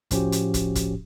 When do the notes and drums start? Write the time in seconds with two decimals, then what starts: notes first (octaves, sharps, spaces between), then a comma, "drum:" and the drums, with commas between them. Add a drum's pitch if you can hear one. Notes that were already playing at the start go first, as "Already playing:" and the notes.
0.11 A2 F3 C#4 F#4 G4, drum: kick, hi-hat
0.32 drum: hi-hat
0.54 drum: kick, hi-hat
0.75 drum: kick, hi-hat